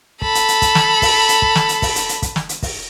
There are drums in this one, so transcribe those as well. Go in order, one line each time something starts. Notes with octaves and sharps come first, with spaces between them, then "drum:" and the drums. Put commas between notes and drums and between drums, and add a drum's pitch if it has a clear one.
A4 B5, drum: kick
drum: hi-hat
drum: hi-hat
drum: kick, hi-hat
drum: snare
drum: kick, open hi-hat
drum: hi-hat
drum: kick
drum: snare
drum: hi-hat
drum: kick, open hi-hat
drum: hi-hat
drum: hi-hat
drum: kick, hi-hat
drum: snare
drum: hi-hat
drum: kick, open hi-hat